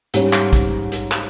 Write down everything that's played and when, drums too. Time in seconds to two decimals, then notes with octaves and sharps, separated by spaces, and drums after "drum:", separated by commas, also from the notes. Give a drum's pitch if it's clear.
0.14 G#2 G3 C#4, drum: hi-hat
0.33 drum: clap
0.53 drum: kick, hi-hat
0.92 drum: hi-hat
1.12 drum: clap